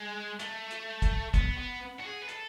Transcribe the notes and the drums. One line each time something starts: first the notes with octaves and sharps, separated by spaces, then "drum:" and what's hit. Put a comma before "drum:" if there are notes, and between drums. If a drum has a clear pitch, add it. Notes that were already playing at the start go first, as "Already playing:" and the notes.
Already playing: G#3
A3, drum: hi-hat
drum: hi-hat
drum: kick, hi-hat
B3, drum: kick, hi-hat
B3
F#4
G#4
B4
A4, drum: hi-hat